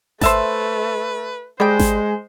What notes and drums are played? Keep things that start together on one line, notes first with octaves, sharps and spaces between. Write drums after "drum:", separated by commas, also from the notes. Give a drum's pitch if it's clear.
A3 B4 C5 E5 A5, drum: snare G#1
G3 G#3 C5 G5
drum: snare G#1